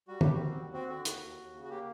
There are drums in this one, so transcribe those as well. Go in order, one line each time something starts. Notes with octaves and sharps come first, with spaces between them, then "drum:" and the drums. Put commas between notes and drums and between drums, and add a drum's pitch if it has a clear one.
G3 F#4
G3 G4, drum: tom
F#4
C4
D#2
C4 F#4
D3 F#4
D#2, drum: hi-hat
D#2
D#2
C#3
F#4
A#3 G4